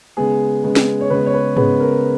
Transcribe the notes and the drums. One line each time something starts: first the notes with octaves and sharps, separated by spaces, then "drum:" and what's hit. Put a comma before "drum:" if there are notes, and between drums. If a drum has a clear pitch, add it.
C#3 G#3 B3 G#4
C#3 G#3 B3
drum: snare
C#5
C#3 G#3 B3 B4
C#5
B4
C#3 G#3 B3 B4, drum: tom G#2
A#4